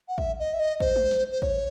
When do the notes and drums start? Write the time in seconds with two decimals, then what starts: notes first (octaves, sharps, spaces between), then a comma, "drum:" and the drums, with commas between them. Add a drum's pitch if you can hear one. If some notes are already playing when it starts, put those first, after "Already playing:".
0.08 F#5
0.18 E5, drum: kick
0.39 D#5
0.54 E5
0.60 D#5
0.80 C5, drum: kick
0.96 drum: tom G#3
1.11 drum: snare
1.32 C5
1.42 C#5, drum: kick